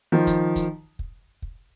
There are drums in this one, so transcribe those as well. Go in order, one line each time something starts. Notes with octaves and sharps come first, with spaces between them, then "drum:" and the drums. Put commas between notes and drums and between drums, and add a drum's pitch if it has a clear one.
D#3 F3
drum: kick, hi-hat
drum: kick, hi-hat
drum: kick
drum: kick